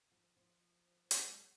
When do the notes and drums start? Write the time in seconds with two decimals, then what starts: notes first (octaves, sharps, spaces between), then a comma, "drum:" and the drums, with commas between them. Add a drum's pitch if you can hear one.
0.12 F3
0.37 F3
1.11 A#3, drum: hi-hat
1.21 G#3
1.32 F#3